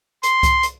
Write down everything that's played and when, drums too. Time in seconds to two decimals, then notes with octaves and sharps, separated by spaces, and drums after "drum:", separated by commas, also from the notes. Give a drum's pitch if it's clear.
0.23 C6, drum: hi-hat
0.43 drum: kick C2, hi-hat
0.63 drum: hi-hat